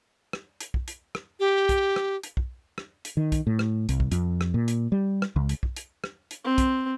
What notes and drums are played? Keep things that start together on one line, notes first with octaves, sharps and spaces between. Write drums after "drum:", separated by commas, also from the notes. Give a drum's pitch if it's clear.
drum: rim click
drum: hi-hat
drum: kick
drum: hi-hat
drum: rim click
G4
drum: kick, hi-hat
drum: rim click
drum: hi-hat
drum: kick
drum: rim click
drum: hi-hat
D#3
drum: kick, hi-hat
A2
drum: rim click
C2, drum: hi-hat
drum: kick
F2, drum: hi-hat
drum: rim click
A#2
drum: hi-hat
G3
drum: rim click
C#2
drum: hi-hat
drum: kick
drum: hi-hat
drum: rim click
drum: hi-hat
C4
drum: kick, hi-hat